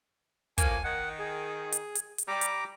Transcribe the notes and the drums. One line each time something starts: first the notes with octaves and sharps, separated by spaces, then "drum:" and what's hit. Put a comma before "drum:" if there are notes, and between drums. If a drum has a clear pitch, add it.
A2 F3 A#3 G#5, drum: kick, hi-hat
D#3 F#5
G#4
drum: hi-hat
drum: hi-hat
drum: hi-hat
G3 A#5 D6
drum: hi-hat